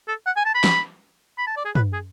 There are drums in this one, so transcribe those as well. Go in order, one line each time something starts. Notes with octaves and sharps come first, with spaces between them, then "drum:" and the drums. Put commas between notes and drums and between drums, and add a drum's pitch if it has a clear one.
A4
F#5
G#5
A5
B5
drum: snare
B5
A5
D5
G#4
B4, drum: tom
G#4